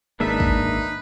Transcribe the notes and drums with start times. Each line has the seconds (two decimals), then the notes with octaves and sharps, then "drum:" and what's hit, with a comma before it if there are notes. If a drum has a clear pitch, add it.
0.20 G#1 G#3 A#3 D4 D#4 B4 E5
0.40 drum: kick